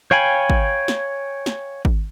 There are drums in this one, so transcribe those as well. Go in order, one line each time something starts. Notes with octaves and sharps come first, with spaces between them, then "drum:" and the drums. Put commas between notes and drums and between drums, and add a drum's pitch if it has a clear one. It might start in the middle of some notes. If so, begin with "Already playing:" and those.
C#5 F5 G5 G#5 B5
drum: kick G#1
drum: snare
drum: snare
drum: kick G#1